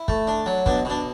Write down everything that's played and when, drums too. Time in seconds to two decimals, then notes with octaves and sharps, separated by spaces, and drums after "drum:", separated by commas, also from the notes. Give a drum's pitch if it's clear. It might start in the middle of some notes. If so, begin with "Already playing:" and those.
Already playing: E4
0.08 A3, drum: kick
0.27 D4
0.46 F#3
0.66 B2 D4, drum: kick
0.85 B2 D4